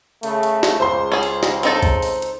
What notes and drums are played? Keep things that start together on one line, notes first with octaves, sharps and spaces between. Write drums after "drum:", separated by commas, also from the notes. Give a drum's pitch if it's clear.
C#3 A3, drum: hi-hat
drum: hi-hat
drum: snare
C#2 C5 C6
C#4 G#4
drum: hi-hat
drum: snare
C4 D#4 A4, drum: hi-hat
drum: kick A#1, hi-hat
drum: open hi-hat
drum: hi-hat